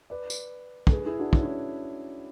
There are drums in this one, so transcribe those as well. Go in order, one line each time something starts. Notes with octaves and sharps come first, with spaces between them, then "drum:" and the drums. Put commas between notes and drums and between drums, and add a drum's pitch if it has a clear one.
B4 D5
drum: tambourine
A4, drum: kick
G#4 B4
E4 G#4
D4 F#4
C#4 E4, drum: kick
C#4 E4